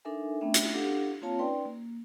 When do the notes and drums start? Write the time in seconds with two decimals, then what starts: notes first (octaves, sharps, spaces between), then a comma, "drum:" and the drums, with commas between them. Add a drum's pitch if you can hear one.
0.05 D4 D#4 A4 A#4 E5 G#5
0.41 A3 B3 C#4 D4 E5 G5
0.54 drum: hi-hat
0.74 D4 G4 A4 F5 F#5
1.22 A#3 C4 F4 C#5 F5 A5
1.39 C#4 D#4 B4 D5 G5 C6
1.65 A#3